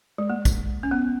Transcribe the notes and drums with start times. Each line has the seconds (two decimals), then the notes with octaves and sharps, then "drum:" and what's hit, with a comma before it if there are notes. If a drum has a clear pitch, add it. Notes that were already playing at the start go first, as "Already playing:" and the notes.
0.18 G#3
0.30 A#3
0.45 drum: kick, tambourine
0.83 C#4
0.91 B3